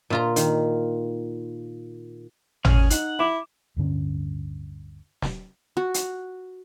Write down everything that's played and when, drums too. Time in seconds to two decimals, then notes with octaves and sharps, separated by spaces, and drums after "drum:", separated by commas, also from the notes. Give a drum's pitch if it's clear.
0.10 A#2 F4 A#5
0.36 D#3, drum: hi-hat
2.65 C#4 G#4 F6, drum: tom G#1
2.90 D#4 F#5, drum: hi-hat
3.19 E4 D6 E7
3.76 D1 G2 D3 C#4
5.22 drum: snare
5.77 F#4
5.94 drum: hi-hat